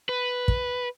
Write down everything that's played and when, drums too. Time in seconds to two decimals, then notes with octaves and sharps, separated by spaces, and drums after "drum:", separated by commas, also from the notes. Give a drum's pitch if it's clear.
0.09 B4
0.48 drum: kick